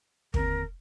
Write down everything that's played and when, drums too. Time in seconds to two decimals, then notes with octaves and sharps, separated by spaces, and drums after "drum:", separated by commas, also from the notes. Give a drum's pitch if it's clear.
0.34 D#2 D3 F3 C4 A#4, drum: kick